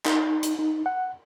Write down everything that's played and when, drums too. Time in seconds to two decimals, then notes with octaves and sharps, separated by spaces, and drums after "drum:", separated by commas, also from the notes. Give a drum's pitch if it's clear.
0.06 D#4, drum: clap
0.43 drum: hi-hat
0.59 D#4
0.86 F#5